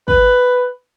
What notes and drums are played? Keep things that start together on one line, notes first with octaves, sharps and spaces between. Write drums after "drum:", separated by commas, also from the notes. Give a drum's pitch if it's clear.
B4, drum: kick